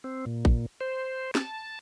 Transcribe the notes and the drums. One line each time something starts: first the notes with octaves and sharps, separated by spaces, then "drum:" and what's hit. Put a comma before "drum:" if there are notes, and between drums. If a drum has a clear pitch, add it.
C4
A#2
drum: kick A1
C5
A5, drum: snare